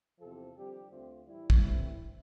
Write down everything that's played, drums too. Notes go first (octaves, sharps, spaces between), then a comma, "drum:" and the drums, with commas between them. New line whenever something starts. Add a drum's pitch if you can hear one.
E2 C3 F3 A4
F2 D3 G3 C4 G4
D2 D3 A3 C4 F4
A2 E3 G3 E4
drum: kick
G2 E3 A3 C4